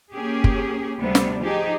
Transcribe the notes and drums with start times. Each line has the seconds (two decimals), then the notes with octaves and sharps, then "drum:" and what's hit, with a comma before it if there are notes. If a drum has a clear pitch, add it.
0.13 A#3 C#4 G4 G#4
0.44 drum: kick F#1
1.01 D2 C3 G3 B3 D4
1.15 drum: snare
1.43 F3 D#4 G4 G#4